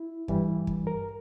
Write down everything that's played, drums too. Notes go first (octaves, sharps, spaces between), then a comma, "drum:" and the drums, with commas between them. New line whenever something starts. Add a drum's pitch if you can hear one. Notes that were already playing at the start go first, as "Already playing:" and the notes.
Already playing: E4
G2 E3 G3, drum: kick
drum: kick
A#4